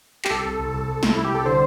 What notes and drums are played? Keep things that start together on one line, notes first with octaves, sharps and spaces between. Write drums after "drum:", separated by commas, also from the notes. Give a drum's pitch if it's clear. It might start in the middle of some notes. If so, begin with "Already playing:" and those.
G4, drum: clap
C2 A4
C2
C2
C2
C2
C2, drum: snare
C2 E4
G4
C2 A4
D3 C5